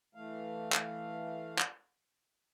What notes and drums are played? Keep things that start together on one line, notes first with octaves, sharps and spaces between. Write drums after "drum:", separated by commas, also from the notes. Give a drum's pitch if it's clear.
E3 A3 F5
drum: clap
drum: clap